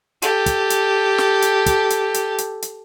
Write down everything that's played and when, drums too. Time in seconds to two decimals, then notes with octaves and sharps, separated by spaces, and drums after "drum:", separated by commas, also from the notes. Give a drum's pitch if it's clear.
0.22 G4 A4, drum: hi-hat
0.46 drum: kick, hi-hat
0.70 drum: hi-hat
1.18 drum: snare
1.42 drum: hi-hat
1.66 drum: kick, hi-hat
1.90 drum: hi-hat
2.14 drum: hi-hat
2.38 drum: hi-hat
2.62 drum: hi-hat